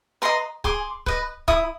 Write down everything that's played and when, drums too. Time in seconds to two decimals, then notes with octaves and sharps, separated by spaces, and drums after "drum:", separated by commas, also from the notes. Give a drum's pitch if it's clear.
0.22 B4 D#5 A#5 C6
0.64 G#4 C6 D6, drum: kick C#1
1.06 B4 D#5, drum: kick C#1
1.48 E4 D#6, drum: kick C#1